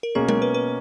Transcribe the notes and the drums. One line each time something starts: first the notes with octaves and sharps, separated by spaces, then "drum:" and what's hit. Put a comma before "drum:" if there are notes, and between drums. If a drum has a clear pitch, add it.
A#4
B2 A#3 C#4 G#4
A#4, drum: tom G#3
B4
B4